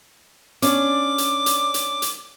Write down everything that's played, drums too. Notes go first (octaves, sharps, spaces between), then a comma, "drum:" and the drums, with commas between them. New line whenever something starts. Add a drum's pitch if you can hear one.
C#4 D4 D5 D6, drum: hi-hat
drum: hi-hat
drum: hi-hat
drum: hi-hat
drum: hi-hat